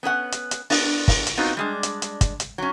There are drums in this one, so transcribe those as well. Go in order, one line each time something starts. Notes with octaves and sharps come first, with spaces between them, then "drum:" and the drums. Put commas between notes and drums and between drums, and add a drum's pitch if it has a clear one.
B3 C#4 A#4 F#5
drum: hi-hat
drum: hi-hat
B3 D4, drum: open hi-hat
drum: kick, open hi-hat
drum: hi-hat
B3 C4 D#4 F4 F#4
G3 G#3 D4
drum: hi-hat
drum: hi-hat
drum: kick, hi-hat
drum: hi-hat
F#3 C#4